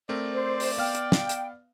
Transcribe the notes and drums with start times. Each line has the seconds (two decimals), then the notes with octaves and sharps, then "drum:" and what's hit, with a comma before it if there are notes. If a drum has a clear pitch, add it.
0.09 A3 C4 A#4 D5
0.32 C5
0.60 drum: open hi-hat
0.77 B3 F5 G5 F6
0.95 drum: hi-hat
1.12 drum: snare
1.29 drum: hi-hat